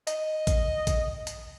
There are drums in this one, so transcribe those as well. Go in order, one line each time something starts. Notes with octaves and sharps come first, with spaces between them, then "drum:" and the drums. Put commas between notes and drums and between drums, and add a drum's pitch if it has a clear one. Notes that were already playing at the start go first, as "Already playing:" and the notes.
D#5, drum: hi-hat
drum: kick A1, hi-hat
drum: kick A1, hi-hat
drum: hi-hat